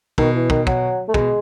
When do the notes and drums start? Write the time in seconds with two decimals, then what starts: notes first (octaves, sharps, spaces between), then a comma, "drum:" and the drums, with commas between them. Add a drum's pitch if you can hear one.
0.18 B2 D#3, drum: kick
0.35 E3
0.50 D#3, drum: kick
0.67 F#3, drum: kick
1.09 A3
1.14 B2 G#3, drum: kick